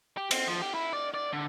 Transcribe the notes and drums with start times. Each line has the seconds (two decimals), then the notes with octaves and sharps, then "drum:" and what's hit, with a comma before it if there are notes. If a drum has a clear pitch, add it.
0.17 G4
0.31 C4, drum: cymbal
0.47 F3
0.62 G4
0.75 E4
0.93 D5
1.14 D5
1.33 D3